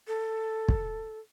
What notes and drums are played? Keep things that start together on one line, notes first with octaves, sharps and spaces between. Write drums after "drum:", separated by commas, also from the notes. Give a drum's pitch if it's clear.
A4
drum: kick